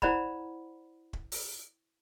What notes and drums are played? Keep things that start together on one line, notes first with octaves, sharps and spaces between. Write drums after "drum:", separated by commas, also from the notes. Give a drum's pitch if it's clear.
E4 C5 D5 F#5 A#5 B5, drum: kick
drum: kick
drum: open hi-hat